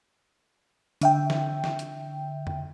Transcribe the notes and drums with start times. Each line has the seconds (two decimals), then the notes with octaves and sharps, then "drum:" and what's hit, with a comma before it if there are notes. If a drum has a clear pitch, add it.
1.01 D3 E5 G5, drum: hi-hat
1.30 drum: snare
1.64 drum: snare
1.79 drum: hi-hat
2.47 drum: tom F2